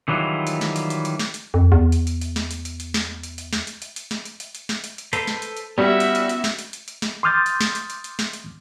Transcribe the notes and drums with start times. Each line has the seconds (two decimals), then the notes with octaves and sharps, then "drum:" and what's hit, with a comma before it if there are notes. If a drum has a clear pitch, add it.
0.08 D#3 E3 F#3 G3 F4
0.47 drum: hi-hat
0.61 drum: snare
0.76 drum: hi-hat
0.90 drum: hi-hat
1.05 drum: hi-hat
1.19 drum: snare
1.34 drum: hi-hat
1.54 F2
1.72 E2
1.92 drum: hi-hat
2.07 drum: hi-hat
2.21 drum: hi-hat
2.36 drum: snare
2.51 drum: hi-hat
2.65 drum: hi-hat
2.80 drum: hi-hat
2.94 drum: snare
3.23 drum: hi-hat
3.38 drum: hi-hat
3.53 drum: snare
3.67 drum: hi-hat
3.82 drum: hi-hat
3.96 drum: hi-hat
4.11 drum: snare
4.25 drum: hi-hat
4.40 drum: hi-hat
4.55 drum: hi-hat
4.69 drum: snare
4.84 drum: hi-hat
4.98 drum: hi-hat
5.13 A4 B4 C5, drum: hi-hat
5.27 drum: snare
5.42 drum: hi-hat
5.57 drum: hi-hat
5.78 G3 B3 C#4 E4 F#4 E5
6.00 drum: hi-hat
6.15 drum: hi-hat
6.29 drum: hi-hat
6.44 drum: snare
6.59 drum: hi-hat
6.73 drum: hi-hat
6.88 drum: hi-hat
7.02 drum: snare
7.23 C6 D6 D#6 F6 G6 A6
7.46 drum: hi-hat
7.61 drum: snare
7.75 drum: hi-hat
7.90 drum: hi-hat
8.04 drum: hi-hat
8.19 drum: snare
8.33 drum: hi-hat